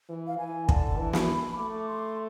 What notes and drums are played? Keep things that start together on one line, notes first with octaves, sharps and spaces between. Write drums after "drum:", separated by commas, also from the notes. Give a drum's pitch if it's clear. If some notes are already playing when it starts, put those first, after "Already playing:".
E3
F5
E3 G#5
D3 A5, drum: kick
E3
B5, drum: snare
A3 D6
C6